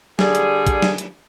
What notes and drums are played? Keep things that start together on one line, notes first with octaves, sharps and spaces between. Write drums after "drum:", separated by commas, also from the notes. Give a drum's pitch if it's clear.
D3 G3 G#4, drum: snare
drum: hi-hat
drum: kick, hi-hat
drum: snare
drum: hi-hat